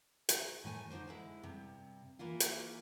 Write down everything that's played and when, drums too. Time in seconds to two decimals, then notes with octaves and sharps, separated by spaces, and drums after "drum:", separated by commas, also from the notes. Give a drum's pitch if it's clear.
0.29 drum: hi-hat
0.64 A2 D#3 A3 G#5
0.90 D3 D#4 F#4 G4 C5
1.07 D3 G#3 E4
1.43 G2 C3
2.19 E3 A#3 E4 F4
2.40 drum: hi-hat